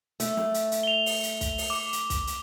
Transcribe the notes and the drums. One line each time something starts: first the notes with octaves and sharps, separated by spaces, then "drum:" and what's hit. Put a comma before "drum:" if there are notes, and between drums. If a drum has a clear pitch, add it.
A3, drum: hi-hat
drum: snare
drum: hi-hat
drum: hi-hat
F7 G7
drum: open hi-hat
drum: hi-hat
drum: kick, hi-hat
drum: open hi-hat
D6
drum: hi-hat
drum: kick, hi-hat
drum: hi-hat